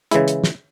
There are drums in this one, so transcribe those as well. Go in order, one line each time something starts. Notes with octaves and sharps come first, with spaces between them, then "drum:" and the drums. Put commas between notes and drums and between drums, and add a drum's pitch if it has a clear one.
C#3 E3 G#3 E4, drum: hi-hat
drum: hi-hat
drum: snare